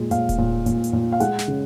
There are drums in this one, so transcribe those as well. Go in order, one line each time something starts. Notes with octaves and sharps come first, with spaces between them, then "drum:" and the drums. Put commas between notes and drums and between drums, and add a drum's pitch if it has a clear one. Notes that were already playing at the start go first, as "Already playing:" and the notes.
Already playing: A#2 G#3
A#2 F5, drum: hi-hat
drum: kick D#1, hi-hat
A#2
A#2, drum: hi-hat
drum: hi-hat
A#2
F5
G#3 F#5, drum: hi-hat
drum: snare
C#3